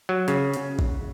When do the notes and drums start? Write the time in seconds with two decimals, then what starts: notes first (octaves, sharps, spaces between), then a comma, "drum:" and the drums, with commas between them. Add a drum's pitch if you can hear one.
0.09 F#3
0.28 C#3, drum: hi-hat
0.54 drum: hi-hat
0.79 drum: kick